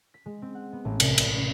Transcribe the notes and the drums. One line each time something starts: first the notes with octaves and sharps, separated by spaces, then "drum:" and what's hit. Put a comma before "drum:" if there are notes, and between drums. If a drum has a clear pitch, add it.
B6
G#3
C4
F#5
B3
A1
C2, drum: cymbal
B5, drum: cymbal
C#4